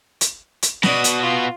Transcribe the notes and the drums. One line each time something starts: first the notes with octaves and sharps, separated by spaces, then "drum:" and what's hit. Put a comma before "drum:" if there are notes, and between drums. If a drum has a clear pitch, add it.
drum: hi-hat
drum: hi-hat
B2 F#4 D5 D#6, drum: snare
drum: hi-hat
F4